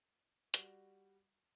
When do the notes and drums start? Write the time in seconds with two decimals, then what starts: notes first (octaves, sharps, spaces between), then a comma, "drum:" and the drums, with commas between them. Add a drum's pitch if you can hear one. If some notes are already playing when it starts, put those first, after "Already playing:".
0.54 G3 F#4, drum: hi-hat